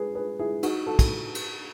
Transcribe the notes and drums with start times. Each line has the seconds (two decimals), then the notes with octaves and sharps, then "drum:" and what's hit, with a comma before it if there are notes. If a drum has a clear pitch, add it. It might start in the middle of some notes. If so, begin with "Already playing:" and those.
Already playing: G#4 B4
0.15 G#4 B4
0.39 E4 G#4
0.63 D#4 F#4, drum: cymbal
0.86 F#4 A4
0.99 drum: kick, cymbal
1.35 drum: cymbal